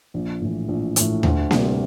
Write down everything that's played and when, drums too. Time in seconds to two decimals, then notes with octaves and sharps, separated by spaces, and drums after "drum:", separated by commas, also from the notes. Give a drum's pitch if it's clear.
0.14 A#1
0.41 A2 E3
0.68 A#1
0.96 A2 E3, drum: hi-hat
1.23 D2, drum: tom D#2
1.51 C3 G3, drum: snare A#3